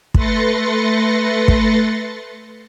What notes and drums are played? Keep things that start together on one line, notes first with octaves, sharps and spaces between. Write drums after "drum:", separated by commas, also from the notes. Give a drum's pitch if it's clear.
A3 B4 C6 A6 A#6 C#7, drum: kick
drum: kick